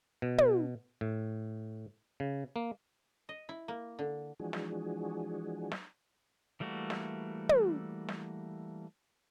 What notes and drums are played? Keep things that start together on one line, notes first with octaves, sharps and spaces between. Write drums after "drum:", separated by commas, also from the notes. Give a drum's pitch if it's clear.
B2
drum: tom
A2
C#3
A#3
D#5
E4
A#3
D3
E3 F3 G#3 D4 F#4 G#4
drum: snare
drum: snare
E3 G3 A3 A#3 F#4
drum: snare
drum: tom
drum: snare